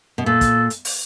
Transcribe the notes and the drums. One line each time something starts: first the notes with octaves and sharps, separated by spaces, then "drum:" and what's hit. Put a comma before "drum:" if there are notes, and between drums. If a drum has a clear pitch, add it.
B2
A#2 A4
drum: kick, hi-hat
drum: hi-hat
drum: open hi-hat